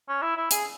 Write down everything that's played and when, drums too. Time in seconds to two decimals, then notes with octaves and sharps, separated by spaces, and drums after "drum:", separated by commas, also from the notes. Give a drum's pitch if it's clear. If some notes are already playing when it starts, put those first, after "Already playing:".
0.08 C#4
0.22 E4
0.36 E4
0.51 G#4, drum: hi-hat